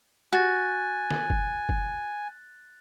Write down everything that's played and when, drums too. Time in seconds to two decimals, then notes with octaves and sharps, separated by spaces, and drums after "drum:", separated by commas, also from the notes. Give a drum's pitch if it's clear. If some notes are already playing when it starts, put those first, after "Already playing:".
0.33 F#4 G#5 F#6 A6
1.10 drum: snare
1.30 drum: kick F#1
1.69 drum: kick F#1